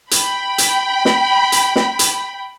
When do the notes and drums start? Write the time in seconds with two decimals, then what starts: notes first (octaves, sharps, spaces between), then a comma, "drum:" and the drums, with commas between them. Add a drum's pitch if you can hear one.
0.11 G5 B5, drum: hi-hat
0.58 drum: hi-hat
1.05 drum: snare
1.52 drum: hi-hat
1.76 drum: snare
1.99 drum: hi-hat